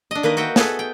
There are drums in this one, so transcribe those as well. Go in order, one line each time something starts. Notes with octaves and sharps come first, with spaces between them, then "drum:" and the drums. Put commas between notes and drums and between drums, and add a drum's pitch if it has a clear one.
D4 D#5
D#3 A#3 B4 D#5
F#4 D#5 E5 G5
B3 G#4 A4 B4, drum: snare
G5